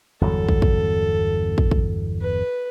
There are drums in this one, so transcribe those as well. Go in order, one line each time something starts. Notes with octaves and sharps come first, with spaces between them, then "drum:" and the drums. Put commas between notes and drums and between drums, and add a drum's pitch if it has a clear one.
G1 E2 F#3 A4
drum: kick
drum: kick
drum: kick
drum: kick
B4